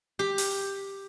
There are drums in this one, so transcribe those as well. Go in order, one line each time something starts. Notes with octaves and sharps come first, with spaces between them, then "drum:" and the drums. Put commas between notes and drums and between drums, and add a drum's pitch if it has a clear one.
G4
drum: open hi-hat